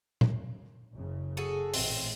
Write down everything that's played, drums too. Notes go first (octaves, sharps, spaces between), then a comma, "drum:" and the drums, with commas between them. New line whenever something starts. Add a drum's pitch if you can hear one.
drum: tom
F#1 C#3
F#4 G#4 A4
A1 A#2 C4, drum: open hi-hat